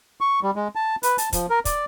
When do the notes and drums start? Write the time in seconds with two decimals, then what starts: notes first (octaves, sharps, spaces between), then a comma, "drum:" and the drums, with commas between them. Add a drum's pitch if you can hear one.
0.21 C#6
0.43 G3
0.56 G#3
0.75 A5
1.03 B4, drum: hi-hat
1.18 A5, drum: hi-hat
1.33 F3, drum: kick, hi-hat
1.50 A#4
1.65 D5, drum: kick, hi-hat